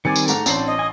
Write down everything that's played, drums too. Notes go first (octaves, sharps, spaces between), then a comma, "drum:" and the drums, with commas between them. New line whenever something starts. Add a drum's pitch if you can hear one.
D#3 G3 C4 G#5 D6 A6 C#7
drum: tambourine
G#2 A3 A#5, drum: tambourine
A1 C4 D4 C5 C7 F#7, drum: tambourine
D#5
G#5 D#6